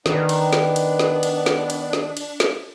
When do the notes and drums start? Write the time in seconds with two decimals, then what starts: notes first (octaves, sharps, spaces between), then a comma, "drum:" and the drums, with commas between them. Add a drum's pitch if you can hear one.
0.06 D#3 B3 D4, drum: snare
0.29 drum: cymbal
0.53 drum: snare
0.76 drum: cymbal
0.99 drum: snare
1.23 drum: cymbal
1.46 drum: snare
1.70 drum: cymbal
1.93 drum: snare
2.17 drum: cymbal
2.40 drum: snare